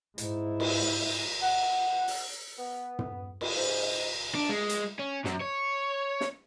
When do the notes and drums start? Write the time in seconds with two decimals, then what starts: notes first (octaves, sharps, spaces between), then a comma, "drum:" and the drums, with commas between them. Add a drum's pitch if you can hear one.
0.18 G#2 E4, drum: hi-hat
0.60 drum: cymbal
1.41 F#5
2.08 drum: open hi-hat
2.58 B3
2.99 drum: tom
3.41 drum: cymbal
3.55 G#2
4.35 D4
4.49 G#3
4.69 drum: hi-hat
5.00 C#4
5.25 F#2, drum: snare
5.41 C#5
6.21 drum: snare